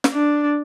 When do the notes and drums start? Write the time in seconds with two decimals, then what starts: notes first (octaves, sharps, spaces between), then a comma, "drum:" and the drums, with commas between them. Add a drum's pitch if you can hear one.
0.04 drum: snare
0.13 D4